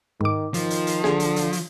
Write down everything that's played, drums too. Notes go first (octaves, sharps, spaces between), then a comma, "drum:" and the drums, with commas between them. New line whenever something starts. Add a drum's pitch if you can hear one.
G#2 D#3 D6
D#3 F3, drum: hi-hat
drum: hi-hat
drum: hi-hat
D3 G#4, drum: snare
drum: hi-hat
drum: hi-hat
drum: hi-hat